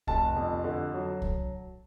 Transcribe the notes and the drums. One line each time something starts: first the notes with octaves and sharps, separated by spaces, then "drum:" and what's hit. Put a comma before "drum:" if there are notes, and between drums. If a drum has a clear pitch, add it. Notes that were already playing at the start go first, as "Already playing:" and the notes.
F1 A5, drum: kick C2
F2
D3
F#3
drum: kick C2